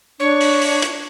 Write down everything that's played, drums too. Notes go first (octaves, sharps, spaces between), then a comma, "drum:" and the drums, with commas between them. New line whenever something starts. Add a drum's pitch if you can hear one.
D4 C#5
drum: open hi-hat
drum: open hi-hat
drum: hi-hat